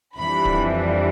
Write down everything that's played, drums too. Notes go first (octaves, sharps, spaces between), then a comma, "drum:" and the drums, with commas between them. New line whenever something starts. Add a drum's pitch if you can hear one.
F2 E3 G3 D4 B5
drum: kick